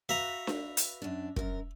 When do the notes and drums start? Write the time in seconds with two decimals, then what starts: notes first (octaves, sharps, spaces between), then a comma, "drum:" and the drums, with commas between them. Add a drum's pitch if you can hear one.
0.09 F#4 B4 E5 F5 A#5
0.47 drum: snare D4
0.77 drum: hi-hat
1.02 F#2 D4
1.36 F#2 A#4, drum: kick